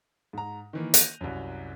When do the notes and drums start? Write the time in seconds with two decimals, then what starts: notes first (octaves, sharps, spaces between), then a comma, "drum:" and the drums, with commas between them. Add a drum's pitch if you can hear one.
0.33 G#2 A#5
0.73 D#3 E3 A#3
0.94 F#6 G6 A#6 D#7 F7, drum: hi-hat
1.21 C2 F#2